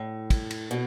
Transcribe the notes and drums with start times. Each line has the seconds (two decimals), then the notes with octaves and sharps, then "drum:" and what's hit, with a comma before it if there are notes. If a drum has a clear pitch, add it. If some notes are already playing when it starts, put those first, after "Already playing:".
Already playing: A2
0.30 drum: kick, cymbal
0.51 drum: cymbal
0.71 B2